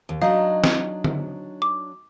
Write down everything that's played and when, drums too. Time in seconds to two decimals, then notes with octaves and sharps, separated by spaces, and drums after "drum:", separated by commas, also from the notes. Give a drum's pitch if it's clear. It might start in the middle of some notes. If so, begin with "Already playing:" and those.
0.09 D#2
0.22 F#3 D4 D#4 F5
0.64 drum: snare
1.04 drum: tom D3
1.62 D6